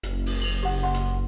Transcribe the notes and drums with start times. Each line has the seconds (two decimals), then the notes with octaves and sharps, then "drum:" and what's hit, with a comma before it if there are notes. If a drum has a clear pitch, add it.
0.03 F#1, drum: hi-hat
0.26 drum: open hi-hat
0.42 F7 F#7
0.63 G4 F#5
0.83 F#5 C6
0.94 drum: hi-hat